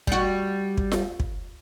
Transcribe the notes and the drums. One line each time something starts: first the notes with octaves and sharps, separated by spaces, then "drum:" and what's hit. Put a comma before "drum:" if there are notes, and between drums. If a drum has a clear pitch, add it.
G3 F#4, drum: kick
drum: kick
drum: snare F4
drum: kick